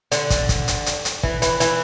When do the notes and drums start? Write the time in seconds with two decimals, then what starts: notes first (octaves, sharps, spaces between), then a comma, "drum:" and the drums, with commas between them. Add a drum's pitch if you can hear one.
0.12 D3, drum: hi-hat
0.30 drum: kick, hi-hat
0.49 drum: kick, hi-hat
0.68 drum: hi-hat
0.86 drum: hi-hat
1.05 drum: hi-hat
1.23 E3, drum: kick
1.42 E3, drum: hi-hat
1.60 E3, drum: hi-hat